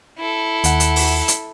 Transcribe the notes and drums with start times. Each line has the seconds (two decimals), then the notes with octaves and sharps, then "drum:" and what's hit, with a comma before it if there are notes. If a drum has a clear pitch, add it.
0.18 E4 A4
0.64 D#2 F#5, drum: hi-hat
0.80 drum: hi-hat
0.96 drum: open hi-hat
1.28 drum: hi-hat